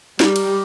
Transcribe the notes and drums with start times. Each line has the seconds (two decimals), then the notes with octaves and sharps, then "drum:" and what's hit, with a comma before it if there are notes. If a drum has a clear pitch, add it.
0.20 G3 D#4 G4 A#4 D5, drum: snare
0.36 drum: cymbal